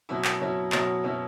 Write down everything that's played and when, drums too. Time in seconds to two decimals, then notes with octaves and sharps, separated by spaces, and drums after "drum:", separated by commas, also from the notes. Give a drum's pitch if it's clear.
0.09 B2 F#3 C#4 E4
0.25 drum: clap
0.40 B2 F#3 C#4 E4
0.72 B2 F#3 C#4 E4, drum: clap
1.04 B2 F#3 C#4 E4